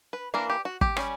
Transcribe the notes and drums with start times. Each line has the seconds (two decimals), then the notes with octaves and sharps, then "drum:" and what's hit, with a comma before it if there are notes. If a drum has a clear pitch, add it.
0.13 B4
0.34 E3 A#3 D4 A#4
0.50 G4
0.65 F#4
0.81 G4, drum: kick
0.97 G3 C#4, drum: rim click